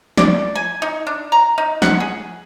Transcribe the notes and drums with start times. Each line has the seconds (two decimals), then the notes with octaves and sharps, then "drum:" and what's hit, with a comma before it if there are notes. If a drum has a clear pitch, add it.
0.18 D5, drum: snare
0.55 G#5
0.82 D#4
1.07 D4
1.32 A#5
1.58 D#4
1.82 F#5, drum: snare
2.00 G#4